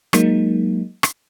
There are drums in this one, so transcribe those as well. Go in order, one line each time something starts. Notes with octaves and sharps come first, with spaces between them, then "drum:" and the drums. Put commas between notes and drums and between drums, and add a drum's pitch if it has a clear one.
F#3 G#3 A#3 D#4, drum: rim click
drum: rim click